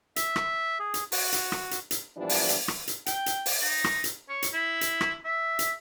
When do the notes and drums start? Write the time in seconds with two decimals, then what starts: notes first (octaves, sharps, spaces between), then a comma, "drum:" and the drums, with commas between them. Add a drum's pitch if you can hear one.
0.16 E5, drum: hi-hat
0.36 drum: rim click
0.79 G#4
0.94 drum: hi-hat
1.12 F#4, drum: open hi-hat
1.33 drum: hi-hat
1.52 drum: rim click
1.71 drum: hi-hat
1.91 drum: hi-hat
2.17 A#2 E3 F3 G3 B3 D4
2.29 drum: open hi-hat
2.49 drum: hi-hat
2.68 drum: rim click
2.88 drum: hi-hat
3.06 G5, drum: hi-hat
3.26 drum: hi-hat
3.46 drum: open hi-hat
3.61 D#4
3.84 drum: rim click
4.04 drum: hi-hat
4.29 C#5
4.43 drum: hi-hat
4.53 E4
4.81 drum: hi-hat
5.01 drum: rim click
5.25 E5
5.59 drum: hi-hat